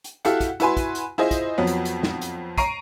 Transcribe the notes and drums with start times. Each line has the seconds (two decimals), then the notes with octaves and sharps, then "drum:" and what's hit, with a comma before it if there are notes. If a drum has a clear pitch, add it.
0.04 drum: hi-hat
0.25 E4 F#4 G4 A4 F5 F#5, drum: hi-hat
0.41 drum: kick, hi-hat
0.60 E4 F#4 B4 G#5 C6, drum: hi-hat
0.77 drum: kick, hi-hat
0.95 drum: hi-hat
1.18 E4 F4 G#4 C5 D#5
1.31 drum: kick, hi-hat
1.58 F2 F3 F#3 B3
1.67 drum: hi-hat
1.85 drum: hi-hat
2.03 drum: snare
2.21 drum: hi-hat
2.58 A#5 C#6 C7 D7 D#7, drum: kick, hi-hat